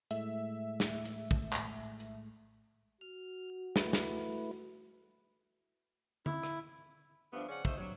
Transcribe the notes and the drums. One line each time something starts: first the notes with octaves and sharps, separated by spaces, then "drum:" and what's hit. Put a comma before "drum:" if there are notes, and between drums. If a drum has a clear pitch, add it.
A2 G#3 A3 E5, drum: hi-hat
drum: snare
drum: hi-hat
drum: kick
drum: clap
drum: hi-hat
F#4 F6
A3 E4 B4, drum: snare
drum: snare
E4, drum: tom D3
drum: rim click
G2 F3 A3 B3 D4
C#3 F3 C#4 D5 F#5
D#2 C3 A3 C5 D#5, drum: kick
G2 C3 F#3